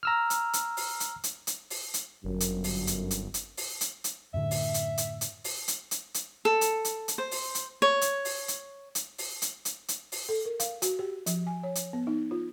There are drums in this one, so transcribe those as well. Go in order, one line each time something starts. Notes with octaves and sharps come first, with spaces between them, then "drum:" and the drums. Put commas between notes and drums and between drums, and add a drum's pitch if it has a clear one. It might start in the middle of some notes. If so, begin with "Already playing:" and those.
A#5 E6 F6
drum: hi-hat
drum: hi-hat
drum: open hi-hat
drum: hi-hat
drum: hi-hat
drum: hi-hat
drum: open hi-hat
drum: hi-hat
G1 F#2
drum: hi-hat
drum: open hi-hat
drum: hi-hat
drum: hi-hat
drum: hi-hat
drum: open hi-hat
drum: hi-hat
drum: hi-hat
F#2 A2 D3 E5
drum: open hi-hat
drum: hi-hat
drum: hi-hat
drum: hi-hat
drum: open hi-hat
drum: hi-hat
drum: hi-hat
drum: hi-hat
A4
drum: hi-hat
drum: hi-hat
drum: hi-hat
C5
drum: open hi-hat
drum: hi-hat
C#5
drum: hi-hat
drum: open hi-hat
drum: hi-hat
drum: hi-hat
drum: open hi-hat
drum: hi-hat
drum: hi-hat
drum: hi-hat
drum: open hi-hat
A4
A#4
F5, drum: hi-hat
F#4, drum: hi-hat
G4
F3, drum: hi-hat
G#5
C#5
drum: hi-hat
B3
D#4
F4